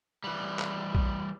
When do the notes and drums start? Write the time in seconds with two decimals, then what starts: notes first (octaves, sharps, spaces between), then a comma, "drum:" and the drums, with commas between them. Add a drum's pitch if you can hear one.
0.24 E3 G3
0.59 drum: clap
0.95 drum: kick A#1